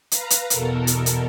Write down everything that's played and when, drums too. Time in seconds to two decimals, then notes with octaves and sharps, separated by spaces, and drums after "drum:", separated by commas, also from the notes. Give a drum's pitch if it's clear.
0.12 B4 F5 A#5, drum: hi-hat
0.30 drum: hi-hat
0.50 E2 B2 A4 A#4, drum: hi-hat
0.87 drum: hi-hat
1.06 drum: hi-hat